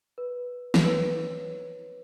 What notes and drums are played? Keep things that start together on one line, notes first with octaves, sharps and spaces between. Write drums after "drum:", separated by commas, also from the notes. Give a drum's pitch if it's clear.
B4
C#5, drum: snare
B4